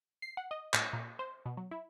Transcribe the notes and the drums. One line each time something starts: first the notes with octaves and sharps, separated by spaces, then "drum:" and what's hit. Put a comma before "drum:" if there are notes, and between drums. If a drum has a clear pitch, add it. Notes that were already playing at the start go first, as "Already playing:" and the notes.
C7
F#5
D#5
A2, drum: clap
A#2
C5
B2
F#3
E4